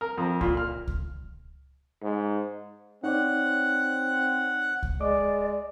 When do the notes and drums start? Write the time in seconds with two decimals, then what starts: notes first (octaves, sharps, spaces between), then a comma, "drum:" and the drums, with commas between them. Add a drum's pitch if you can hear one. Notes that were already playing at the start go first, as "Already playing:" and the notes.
0.01 A#4
0.18 F2
0.41 A#2, drum: kick C#2
0.57 F6
0.87 drum: kick C#2
2.02 G#2
3.04 C4 D#4 C#5 D5 F#5
4.83 drum: kick C#2
5.01 G#3 D5 D#5 D6